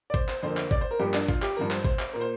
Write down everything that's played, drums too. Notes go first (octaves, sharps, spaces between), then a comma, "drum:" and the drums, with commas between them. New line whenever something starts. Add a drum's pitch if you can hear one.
D5
C5, drum: kick G1
C5, drum: clap
F2 D3 A#3 C5
drum: clap
D5, drum: kick G1
C5
A#4
G2 F3 A#3 G4
D4, drum: clap
F4, drum: kick G1
G4, drum: clap
G2 F3 A#3 A#4
C5, drum: clap
C5, drum: kick G1
drum: clap
A#2 A#3 A#4
C5